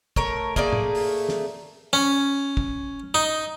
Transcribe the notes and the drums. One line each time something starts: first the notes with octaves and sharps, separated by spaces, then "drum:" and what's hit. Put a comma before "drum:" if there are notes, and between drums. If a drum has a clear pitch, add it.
A3 A#4 C#5, drum: kick
A3 A#3 G#4 D5, drum: kick
drum: tom
drum: open hi-hat
drum: snare
C#4
drum: kick
D#4